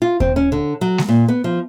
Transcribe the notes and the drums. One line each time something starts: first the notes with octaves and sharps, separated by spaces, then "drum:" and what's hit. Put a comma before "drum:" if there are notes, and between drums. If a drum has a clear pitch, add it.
F4
C4, drum: kick D#2
C#4
D3
F#3
drum: snare G#3
A#2
B3
F3